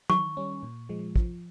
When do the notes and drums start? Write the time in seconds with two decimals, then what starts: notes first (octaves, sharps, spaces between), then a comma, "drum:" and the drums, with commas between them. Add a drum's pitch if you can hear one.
0.10 D#3 C#6, drum: tom F#3
0.37 G3 C#4
0.63 A#2
0.89 F3 G#3
1.16 F3, drum: kick